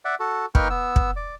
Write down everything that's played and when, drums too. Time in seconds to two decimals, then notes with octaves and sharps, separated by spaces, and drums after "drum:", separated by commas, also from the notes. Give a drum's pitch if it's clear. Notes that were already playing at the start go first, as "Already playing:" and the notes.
0.05 D5 E5 F#5
0.20 F#4 A4
0.55 A#3 D#4 B4 G5 C#6 F6, drum: kick
0.70 B3 E6
0.96 drum: kick
1.16 D5